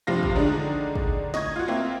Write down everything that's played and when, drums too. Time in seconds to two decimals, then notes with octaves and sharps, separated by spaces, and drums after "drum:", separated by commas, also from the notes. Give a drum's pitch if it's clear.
0.07 G2 C3 F3 F4 A#6
0.23 drum: kick
0.36 D3 D#3 G#3 D4 D#4
0.95 drum: kick
1.34 D#5 C#6 G#6, drum: snare
1.56 F4 F#4
1.68 A#3 C4 E4 F4